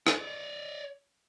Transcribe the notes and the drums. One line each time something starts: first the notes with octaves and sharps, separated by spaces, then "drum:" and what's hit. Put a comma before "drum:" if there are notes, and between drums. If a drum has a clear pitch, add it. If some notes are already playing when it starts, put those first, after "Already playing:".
C#5 D5, drum: rim click